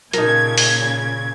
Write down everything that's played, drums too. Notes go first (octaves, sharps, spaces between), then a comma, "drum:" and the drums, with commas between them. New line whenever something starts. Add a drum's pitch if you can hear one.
A#2 C#3 D#4 A4 A#4 G#6, drum: hi-hat
drum: open hi-hat